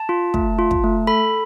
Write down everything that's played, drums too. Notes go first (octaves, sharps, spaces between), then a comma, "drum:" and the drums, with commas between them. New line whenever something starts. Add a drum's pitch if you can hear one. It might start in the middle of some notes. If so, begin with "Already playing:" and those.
Already playing: A5
F4
A3, drum: kick
F4
drum: kick
A3
A4 B5